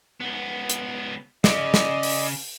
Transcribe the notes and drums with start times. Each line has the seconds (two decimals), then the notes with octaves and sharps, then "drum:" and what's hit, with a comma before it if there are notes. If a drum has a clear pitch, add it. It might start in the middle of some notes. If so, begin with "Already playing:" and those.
0.20 C#2 B3
0.70 drum: hi-hat
1.44 C#3 D5 D#5, drum: snare
1.74 drum: snare
2.03 drum: open hi-hat